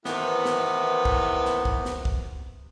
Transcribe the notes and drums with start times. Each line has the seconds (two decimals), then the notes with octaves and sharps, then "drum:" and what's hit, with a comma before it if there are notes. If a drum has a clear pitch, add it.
0.05 A2 C3 D#3 E3 B3, drum: snare
0.45 drum: snare
1.05 drum: kick
1.45 drum: snare
1.65 drum: kick
1.85 drum: snare
2.05 drum: kick